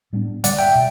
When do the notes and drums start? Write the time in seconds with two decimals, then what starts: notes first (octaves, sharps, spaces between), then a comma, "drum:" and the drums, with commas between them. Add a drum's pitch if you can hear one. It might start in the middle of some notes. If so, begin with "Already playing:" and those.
0.13 A2 G3 B3 D4
0.44 G2 D3 G3 D5 F#5, drum: hi-hat
0.59 E5 G5
0.75 B2